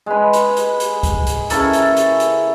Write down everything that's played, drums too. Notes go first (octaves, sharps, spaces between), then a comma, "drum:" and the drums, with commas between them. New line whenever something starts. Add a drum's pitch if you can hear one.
G#3 B4
drum: hi-hat
drum: hi-hat
drum: hi-hat
drum: kick, hi-hat
drum: hi-hat
C#3 E4 A4 A#4, drum: hi-hat
drum: hi-hat
drum: hi-hat
drum: hi-hat